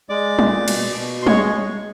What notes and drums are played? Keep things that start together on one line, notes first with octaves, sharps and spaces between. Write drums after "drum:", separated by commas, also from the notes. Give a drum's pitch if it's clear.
G#3 D5 D6
A#2, drum: tom G3
B2, drum: cymbal
B2
C6
G#3 C#5 C#6, drum: tom G3